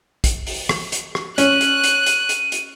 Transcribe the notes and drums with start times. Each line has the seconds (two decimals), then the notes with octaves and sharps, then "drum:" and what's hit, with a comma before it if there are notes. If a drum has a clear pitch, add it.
0.24 drum: kick, hi-hat
0.47 drum: open hi-hat
0.69 drum: rim click
0.92 drum: hi-hat
1.15 drum: rim click
1.38 C#4 F#6 D#7, drum: hi-hat
1.61 drum: hi-hat
1.84 drum: hi-hat
2.06 drum: hi-hat
2.29 drum: hi-hat
2.52 drum: hi-hat